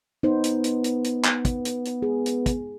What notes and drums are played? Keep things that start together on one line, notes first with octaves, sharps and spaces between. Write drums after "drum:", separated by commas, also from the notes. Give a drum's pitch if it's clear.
B3 D#4 C5
drum: hi-hat
drum: hi-hat
drum: hi-hat
drum: hi-hat
drum: clap
drum: kick, hi-hat
drum: hi-hat
drum: hi-hat
G#4
drum: hi-hat
drum: kick, hi-hat